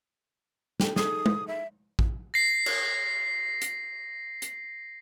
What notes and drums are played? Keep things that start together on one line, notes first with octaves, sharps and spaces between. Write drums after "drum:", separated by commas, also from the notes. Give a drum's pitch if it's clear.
G4 A4, drum: snare
D#4 G#4 A4 D#6, drum: snare
drum: tom G#3
E5
drum: kick
A#6 C7
drum: cymbal
drum: hi-hat
drum: hi-hat